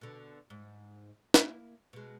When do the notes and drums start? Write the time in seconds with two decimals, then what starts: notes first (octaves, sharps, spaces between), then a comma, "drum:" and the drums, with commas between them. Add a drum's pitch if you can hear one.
0.01 B2 D3
0.50 G#2
1.34 A#3 E4, drum: snare
1.93 B2 G#3